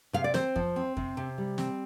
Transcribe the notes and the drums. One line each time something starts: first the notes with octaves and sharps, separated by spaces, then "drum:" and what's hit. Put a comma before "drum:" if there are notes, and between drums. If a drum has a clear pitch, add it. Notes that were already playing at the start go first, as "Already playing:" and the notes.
C3 F5
D5
C4 C5, drum: snare
F3, drum: kick F2
C4
C3, drum: kick F2
C3
G3
C4, drum: snare